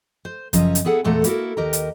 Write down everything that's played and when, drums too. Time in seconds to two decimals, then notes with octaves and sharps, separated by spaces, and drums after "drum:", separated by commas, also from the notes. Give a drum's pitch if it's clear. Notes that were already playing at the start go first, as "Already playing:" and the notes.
0.25 C5
0.53 F#2 C#3 F3 C#4 D#5 A#5, drum: kick, hi-hat
0.75 drum: hi-hat
0.85 B3 E4 G#4 A4 F#5
1.04 E2 A#2 A3 A4 F#5 A#5
1.24 A#3 E4 F#4 G4 A4 A#4, drum: hi-hat
1.57 D#2 G4 A#4 D#5 A#5
1.73 drum: hi-hat